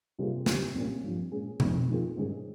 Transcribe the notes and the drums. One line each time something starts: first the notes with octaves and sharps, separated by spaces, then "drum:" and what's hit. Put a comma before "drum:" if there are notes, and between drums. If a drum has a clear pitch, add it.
C3 G3 A#3 F4 G#4
D#2 C#3 G3 C4, drum: snare
C2 A#2 G3 A#3 C#4
G#1 G2 F3
A#2 G#3 C#4 G#4
F1 F2 D#3, drum: tom B2
F2 D#3 A#3 F4 G#4
G#2 D#3 G3 C#4 G#4